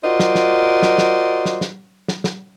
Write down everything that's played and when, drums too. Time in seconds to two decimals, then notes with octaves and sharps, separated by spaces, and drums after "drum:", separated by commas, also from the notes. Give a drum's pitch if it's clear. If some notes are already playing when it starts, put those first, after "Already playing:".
0.04 F4 F#4 A#4 C5 D5 D#5
0.20 drum: snare
0.35 drum: snare
0.83 drum: snare
0.98 drum: snare
1.46 drum: snare
1.61 drum: snare
2.08 drum: snare
2.24 drum: snare